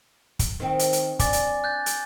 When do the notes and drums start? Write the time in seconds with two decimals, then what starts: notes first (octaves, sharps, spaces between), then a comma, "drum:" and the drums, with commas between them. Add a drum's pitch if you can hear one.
0.39 drum: kick, hi-hat
0.60 D#3 C4
0.79 drum: hi-hat
0.93 drum: hi-hat
1.19 D4 G#5 D6 A6, drum: kick, hi-hat
1.33 drum: hi-hat
1.64 F#6 G6 A6
1.86 drum: hi-hat